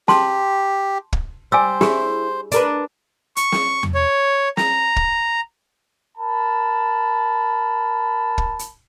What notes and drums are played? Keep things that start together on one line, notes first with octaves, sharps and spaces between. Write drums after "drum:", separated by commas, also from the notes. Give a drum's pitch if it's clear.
G4 A5 C6, drum: snare
drum: kick
G3 C5 G#5 D6 E6
E4 G4 G#4, drum: snare
D4 A#4 B4, drum: hi-hat
C#6, drum: hi-hat
drum: snare
drum: tom E2
C#5
A#5, drum: snare
drum: kick
A#4 A5 B5
drum: kick
drum: hi-hat